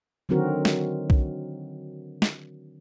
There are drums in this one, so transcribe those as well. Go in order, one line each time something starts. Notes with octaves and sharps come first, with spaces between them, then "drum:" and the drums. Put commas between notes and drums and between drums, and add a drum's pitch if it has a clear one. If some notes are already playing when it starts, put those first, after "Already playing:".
D3 D#3 F#3 C4 F#4 A#4
drum: snare
drum: kick B1
drum: snare